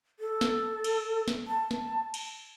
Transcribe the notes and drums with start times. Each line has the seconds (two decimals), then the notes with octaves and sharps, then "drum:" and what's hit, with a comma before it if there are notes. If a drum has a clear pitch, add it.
0.20 A4
0.41 drum: snare
0.84 drum: cymbal
1.28 drum: snare
1.47 A5
1.71 drum: snare
2.14 drum: cymbal